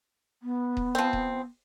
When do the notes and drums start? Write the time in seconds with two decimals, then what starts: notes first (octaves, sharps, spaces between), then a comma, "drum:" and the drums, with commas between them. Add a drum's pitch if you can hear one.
0.43 B3
0.77 drum: kick D#1
0.95 F3 C4
1.13 drum: kick D#1